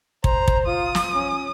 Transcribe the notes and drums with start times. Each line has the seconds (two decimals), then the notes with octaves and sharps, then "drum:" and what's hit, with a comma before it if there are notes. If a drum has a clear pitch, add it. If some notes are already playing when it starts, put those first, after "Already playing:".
0.24 C5 A#5, drum: kick
0.48 drum: kick
0.67 F4 D#6
0.95 drum: snare
1.14 C#4